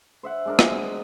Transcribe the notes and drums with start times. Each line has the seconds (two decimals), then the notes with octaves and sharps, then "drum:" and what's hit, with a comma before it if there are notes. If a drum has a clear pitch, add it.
0.23 C5 E5 F#5
0.45 G#3 D4 A#4
0.59 D#5 F#5, drum: rim click